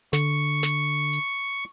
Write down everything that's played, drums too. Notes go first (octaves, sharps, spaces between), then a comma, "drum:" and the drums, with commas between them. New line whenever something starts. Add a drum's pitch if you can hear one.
D3 C#6, drum: snare
drum: snare
drum: hi-hat